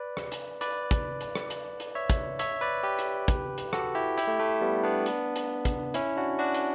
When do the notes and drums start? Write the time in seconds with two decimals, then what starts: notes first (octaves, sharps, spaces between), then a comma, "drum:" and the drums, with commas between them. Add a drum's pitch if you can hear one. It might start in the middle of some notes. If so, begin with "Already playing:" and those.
Already playing: B4 D5
0.17 drum: rim click
0.32 drum: hi-hat
0.61 B4 D5, drum: hi-hat
0.91 drum: kick, hi-hat
1.21 drum: hi-hat
1.35 drum: rim click
1.50 drum: hi-hat
1.80 drum: hi-hat
1.95 C#5 E5
2.10 drum: kick, hi-hat
2.39 C#5 E5, drum: hi-hat
2.61 B4 D5
2.83 G4 B4
2.98 drum: hi-hat
3.28 drum: kick, hi-hat
3.58 drum: hi-hat
3.73 F#4 A4, drum: rim click
3.95 E4 G4
4.18 E4 G4, drum: hi-hat
4.28 A3
4.39 A3
4.61 G3 B3
4.83 B3 D4
5.06 drum: hi-hat
5.36 drum: hi-hat
5.65 drum: kick, hi-hat
5.94 C#4 E4, drum: hi-hat
6.17 D4 F#4
6.39 D4 F#4
6.54 drum: hi-hat